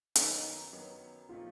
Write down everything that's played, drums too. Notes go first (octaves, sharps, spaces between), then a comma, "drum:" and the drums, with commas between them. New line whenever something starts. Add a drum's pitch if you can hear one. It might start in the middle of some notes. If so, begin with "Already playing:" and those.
F#2 D#3 F#3 B3 D#4, drum: hi-hat
F#2 D#3 F#3 B3
A#2 F3 A3 C4 D#4 F4